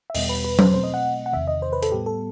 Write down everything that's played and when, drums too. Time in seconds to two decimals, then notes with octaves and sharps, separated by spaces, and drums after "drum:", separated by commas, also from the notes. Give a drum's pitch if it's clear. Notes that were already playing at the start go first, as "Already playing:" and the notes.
0.10 E5
0.15 E2 B2 G3 B3 D#5, drum: open hi-hat
0.29 B4
0.45 B4
0.59 C5, drum: tom F#3
0.73 B2 A3 C4 C5
0.84 D#5
0.94 F#5
1.26 F#5
1.33 E2 C3 D#3 E5
1.48 D#5
1.62 C5
1.73 B4
1.83 A4, drum: hi-hat
1.92 A2 G3 B3 G4
2.06 A4